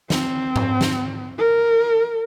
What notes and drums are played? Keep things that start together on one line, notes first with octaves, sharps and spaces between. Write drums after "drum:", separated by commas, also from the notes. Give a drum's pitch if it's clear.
C4, drum: snare
drum: tom G#2
drum: snare
A#4